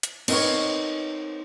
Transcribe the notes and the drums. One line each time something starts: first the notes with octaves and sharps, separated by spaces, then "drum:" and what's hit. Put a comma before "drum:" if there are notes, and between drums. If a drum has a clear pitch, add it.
drum: hi-hat
C4 D#4 A#4 B4 C#5, drum: cymbal